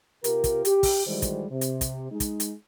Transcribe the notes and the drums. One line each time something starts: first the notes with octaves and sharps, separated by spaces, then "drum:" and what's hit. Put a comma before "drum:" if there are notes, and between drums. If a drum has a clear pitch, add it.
C3 F4 G4 A#4, drum: hi-hat
drum: kick, hi-hat
G4, drum: hi-hat
drum: kick, open hi-hat
D#3 E3 G3 G#3 F#4 C5
drum: kick, hi-hat
C3
drum: hi-hat
drum: kick, hi-hat
G#3 D#4
drum: kick, hi-hat
drum: hi-hat